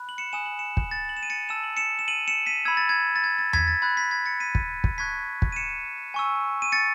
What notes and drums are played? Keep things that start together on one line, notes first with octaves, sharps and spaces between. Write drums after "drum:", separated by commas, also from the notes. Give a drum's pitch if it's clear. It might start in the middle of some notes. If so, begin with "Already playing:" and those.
Already playing: B5 F#6
F#7
C#7 E7
G#5 D#6 F#6 E7
F#7
C#7 E7
drum: kick
A6
F#7
E7
D#7
A6 C#7
A5 E6 E7
F#7
C#7 E7
E7
D#7 F#7
C#7 E7
B6 D#7
B5 E6 G#6
A6
G#6
A6
G#6
A6
G#6 B6, drum: tom E2
A6
B5 F#6 G#6
G#6 B6
G#6 B6
A6 C#7
B6 D#7
drum: kick
drum: kick
A5 C#6 F#6 G#6 B6
drum: kick
D#7
C#7 E7
G#5 C#6 E6
D#7
A6 C#7